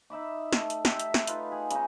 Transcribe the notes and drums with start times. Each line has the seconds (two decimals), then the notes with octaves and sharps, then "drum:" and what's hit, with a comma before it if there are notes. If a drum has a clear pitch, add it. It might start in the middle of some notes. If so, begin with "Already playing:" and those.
0.10 D#4 E5 B5 D6
0.53 A3, drum: snare
0.70 drum: hi-hat
0.85 G4 A4 E5, drum: snare
1.00 drum: hi-hat
1.14 drum: snare
1.27 D#4 F4 B4, drum: hi-hat
1.52 G#4
1.71 C#3 D#4, drum: hi-hat